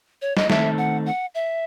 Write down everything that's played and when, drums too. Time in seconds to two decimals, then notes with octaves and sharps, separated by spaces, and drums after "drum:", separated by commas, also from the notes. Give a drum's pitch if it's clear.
0.22 C#5
0.37 D#5, drum: snare
0.50 D#3 A3 C4 D#4 A4 E5, drum: snare
0.78 F#5
1.06 F#5
1.35 E5